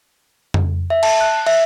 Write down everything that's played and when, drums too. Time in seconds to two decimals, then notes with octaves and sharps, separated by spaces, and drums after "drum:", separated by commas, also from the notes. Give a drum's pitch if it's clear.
0.54 drum: tom F2
0.90 E5
1.03 A5, drum: cymbal
1.21 F#6
1.46 E5, drum: cymbal